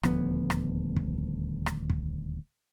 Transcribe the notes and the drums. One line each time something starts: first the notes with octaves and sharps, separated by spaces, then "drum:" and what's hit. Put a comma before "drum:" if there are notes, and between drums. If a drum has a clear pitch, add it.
D#1 D2 F3 B3, drum: rim click
drum: rim click
drum: kick
drum: rim click
drum: kick